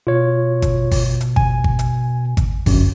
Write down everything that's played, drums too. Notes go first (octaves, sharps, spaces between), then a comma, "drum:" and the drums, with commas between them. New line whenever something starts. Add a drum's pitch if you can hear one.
B2 F4 C#5
drum: kick G#1, hi-hat
drum: kick G#1, open hi-hat
drum: hi-hat
G#5, drum: kick G#1
drum: kick G#1
drum: hi-hat
drum: kick G#1, hi-hat
G1 C2 F#2, drum: kick G#1, open hi-hat